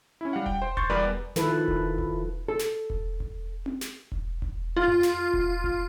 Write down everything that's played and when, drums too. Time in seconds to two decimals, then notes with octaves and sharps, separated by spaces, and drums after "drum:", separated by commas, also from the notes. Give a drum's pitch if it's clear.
0.21 C#4 E4
0.33 G3 F5 F#5
0.46 G5, drum: kick E1
0.62 C5
0.77 C6 C#6 G6 A6, drum: kick E1
0.90 E2 G3 B3 A#4 B4 D5
1.36 D#3 F3 E4 A4 B4, drum: snare
1.68 drum: kick E1
1.98 drum: kick E1
2.48 A4
2.59 drum: snare
2.90 drum: kick E1
3.20 drum: kick E1
3.66 drum: tom C4
3.81 drum: snare
4.12 drum: kick E1
4.42 drum: kick E1
4.77 F4
4.88 drum: tom F2
5.03 drum: snare
5.33 drum: kick E1
5.64 drum: kick E1